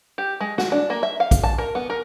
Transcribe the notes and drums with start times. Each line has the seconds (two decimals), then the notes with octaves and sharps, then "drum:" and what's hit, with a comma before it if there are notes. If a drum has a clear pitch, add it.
0.18 G4
0.41 G#3
0.58 F#4, drum: snare
0.72 D4
0.90 A#3
1.03 E5
1.20 F5
1.31 drum: kick A#1, hi-hat
1.44 A5
1.58 A#4
1.75 B3
1.90 A#4